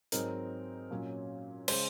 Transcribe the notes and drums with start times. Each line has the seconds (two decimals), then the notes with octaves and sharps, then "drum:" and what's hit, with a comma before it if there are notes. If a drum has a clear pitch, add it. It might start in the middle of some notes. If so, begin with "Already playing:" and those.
0.12 G#2 F#3 C4 D#4 A#4, drum: hi-hat
0.91 A#2 F#3 C#4
1.68 C#3 G#3 C#4 C5, drum: cymbal